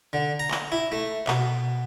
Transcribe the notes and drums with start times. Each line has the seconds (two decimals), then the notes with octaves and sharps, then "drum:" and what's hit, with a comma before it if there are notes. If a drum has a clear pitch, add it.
0.13 D3
0.40 A#5
0.51 drum: clap
0.72 E4
0.92 A3
1.27 B2, drum: clap